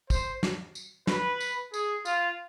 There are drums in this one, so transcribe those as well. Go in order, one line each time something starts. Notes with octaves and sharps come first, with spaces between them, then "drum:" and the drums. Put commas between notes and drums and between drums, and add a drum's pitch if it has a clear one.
C5, drum: kick, tambourine
drum: snare
drum: tambourine
B4, drum: snare
drum: tambourine
G#4, drum: tambourine
F4, drum: tambourine